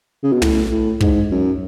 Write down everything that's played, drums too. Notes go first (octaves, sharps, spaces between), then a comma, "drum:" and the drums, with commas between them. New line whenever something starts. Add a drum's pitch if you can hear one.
C#3
B2
A2, drum: tom
A2
G#2, drum: kick
F#2